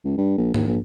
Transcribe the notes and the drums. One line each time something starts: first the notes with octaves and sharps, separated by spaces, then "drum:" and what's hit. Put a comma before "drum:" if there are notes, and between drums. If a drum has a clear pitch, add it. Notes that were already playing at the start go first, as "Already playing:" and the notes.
C#2
G2
A#1
D#2, drum: tom G#2
A#1